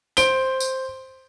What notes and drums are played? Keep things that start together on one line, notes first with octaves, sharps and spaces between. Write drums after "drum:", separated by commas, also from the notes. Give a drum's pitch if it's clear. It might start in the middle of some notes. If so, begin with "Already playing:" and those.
C5 D7 G7, drum: tambourine
drum: tambourine